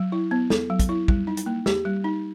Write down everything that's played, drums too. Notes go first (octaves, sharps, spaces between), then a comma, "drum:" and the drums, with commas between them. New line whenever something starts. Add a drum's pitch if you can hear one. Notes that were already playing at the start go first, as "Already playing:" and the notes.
Already playing: F#3
E4
B3
A4, drum: snare
F#3
drum: kick, hi-hat
E4
G3, drum: kick
D#4
drum: hi-hat
A#3
G4, drum: snare
G3
D#4